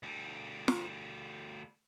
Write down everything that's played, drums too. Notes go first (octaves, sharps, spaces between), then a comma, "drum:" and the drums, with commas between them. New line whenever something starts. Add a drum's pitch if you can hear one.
D2 G3
drum: snare